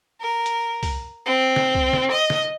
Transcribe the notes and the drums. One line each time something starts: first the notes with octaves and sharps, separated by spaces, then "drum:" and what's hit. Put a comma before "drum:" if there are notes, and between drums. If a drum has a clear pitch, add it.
A#4
drum: hi-hat
drum: kick C2, open hi-hat
C4
drum: snare
drum: kick C2
drum: snare
D#5
drum: snare